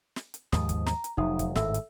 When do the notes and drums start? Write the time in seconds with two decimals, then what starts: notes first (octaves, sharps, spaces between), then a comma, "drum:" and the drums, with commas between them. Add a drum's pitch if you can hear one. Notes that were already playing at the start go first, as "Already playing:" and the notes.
0.16 drum: snare
0.34 drum: hi-hat
0.52 D#2 G#2 F3 D#6, drum: snare
0.69 drum: kick, hi-hat
0.86 A#5, drum: snare
1.04 drum: hi-hat
1.17 F1 F#3 D#4 E5 D#6
1.39 drum: kick, hi-hat
1.55 G#1 A2 A4 E5 E6, drum: snare
1.74 drum: hi-hat